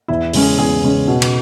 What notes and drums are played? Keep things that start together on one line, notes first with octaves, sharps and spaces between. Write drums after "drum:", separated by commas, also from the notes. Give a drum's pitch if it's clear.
E2 E4
C#3 G#3 C#4, drum: open hi-hat
G#4
E2 G#4
C#3 G#3 C#4
B2
drum: cymbal